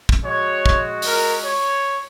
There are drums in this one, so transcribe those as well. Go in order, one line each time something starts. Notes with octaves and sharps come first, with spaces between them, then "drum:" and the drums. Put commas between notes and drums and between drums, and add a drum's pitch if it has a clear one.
drum: kick
G#3 F#4 C#5
drum: kick
A#4, drum: open hi-hat
C#5